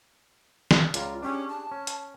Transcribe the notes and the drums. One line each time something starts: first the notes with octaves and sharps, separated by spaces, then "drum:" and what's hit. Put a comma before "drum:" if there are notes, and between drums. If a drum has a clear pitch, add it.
drum: snare
C#2 F4 D5 A#5, drum: hi-hat
C#4 D4 G4 G#4
A5
C#4
drum: hi-hat